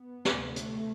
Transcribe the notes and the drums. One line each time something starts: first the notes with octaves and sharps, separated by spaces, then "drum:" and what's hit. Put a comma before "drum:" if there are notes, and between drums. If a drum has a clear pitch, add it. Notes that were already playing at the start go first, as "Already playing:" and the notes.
Already playing: B3
D2 C3, drum: snare
A3, drum: hi-hat